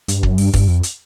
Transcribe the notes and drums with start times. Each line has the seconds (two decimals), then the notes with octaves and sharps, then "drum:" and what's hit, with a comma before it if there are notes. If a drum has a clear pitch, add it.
0.08 G2, drum: hi-hat
0.23 F#2, drum: kick
0.38 G2, drum: open hi-hat
0.54 G2, drum: kick, open hi-hat
0.68 F2
0.83 drum: hi-hat